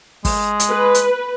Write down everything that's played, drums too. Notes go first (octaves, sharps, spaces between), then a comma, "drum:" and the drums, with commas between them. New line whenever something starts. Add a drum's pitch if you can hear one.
G#3, drum: kick, open hi-hat
drum: hi-hat
B4
drum: hi-hat